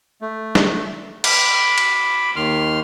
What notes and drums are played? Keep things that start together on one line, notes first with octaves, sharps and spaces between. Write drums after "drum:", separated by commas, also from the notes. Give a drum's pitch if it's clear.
A3
drum: snare
B5 D6, drum: cymbal
drum: cymbal
D#2 D#3 C6 F6